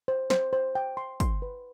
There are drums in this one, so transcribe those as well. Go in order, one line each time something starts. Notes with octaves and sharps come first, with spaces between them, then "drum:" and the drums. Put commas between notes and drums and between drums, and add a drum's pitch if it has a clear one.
C5
C5, drum: snare
C5
G5
C6
C6, drum: kick, hi-hat
B4